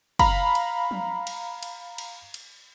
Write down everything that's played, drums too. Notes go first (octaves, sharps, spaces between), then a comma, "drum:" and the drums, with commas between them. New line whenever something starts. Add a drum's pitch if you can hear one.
F5 A#5 B5, drum: kick, cymbal
drum: cymbal
drum: tom F3
drum: cymbal
drum: cymbal
drum: cymbal
drum: cymbal